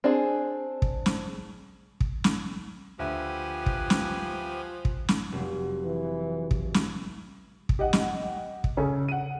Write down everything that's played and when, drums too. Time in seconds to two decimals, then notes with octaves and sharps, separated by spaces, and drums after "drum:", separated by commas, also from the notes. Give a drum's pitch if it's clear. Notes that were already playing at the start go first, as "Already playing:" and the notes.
0.04 C4 D4 G#4
0.82 drum: kick
1.06 drum: snare
2.00 drum: kick
2.24 drum: snare
2.99 D2 F3 G4 B4 E5 G#5
3.66 drum: kick
3.90 drum: snare
4.85 drum: kick
5.09 drum: snare
5.32 F1 F#3
5.84 E3
6.51 drum: kick
6.74 drum: snare
7.69 drum: kick
7.79 G4 D#5 F#5
7.93 drum: snare
8.64 drum: kick
8.77 C#3 C#4 G#4 A4
9.09 F#5 D#7